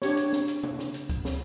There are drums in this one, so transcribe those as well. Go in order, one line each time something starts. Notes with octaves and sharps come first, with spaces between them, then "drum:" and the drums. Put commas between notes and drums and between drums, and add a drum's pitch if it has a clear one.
D4 G4 C#5, drum: snare
drum: hi-hat
drum: snare
drum: hi-hat
drum: tom
drum: snare
drum: hi-hat
drum: kick C#2, hi-hat
drum: snare